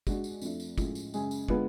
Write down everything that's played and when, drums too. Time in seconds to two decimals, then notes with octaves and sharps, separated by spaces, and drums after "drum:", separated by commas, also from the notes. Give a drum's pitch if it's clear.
0.07 G#3 D4 F#4, drum: kick, tambourine
0.24 drum: tambourine
0.42 F2 F3 A3 D4, drum: tambourine
0.60 drum: tambourine
0.78 A2 F3 G#3 C#4 F4, drum: kick, tambourine
0.95 drum: tambourine
1.14 F#2 C#3 G#3 C#4 G#4, drum: tambourine
1.31 drum: tambourine
1.48 D3 G#3 B3 F4, drum: kick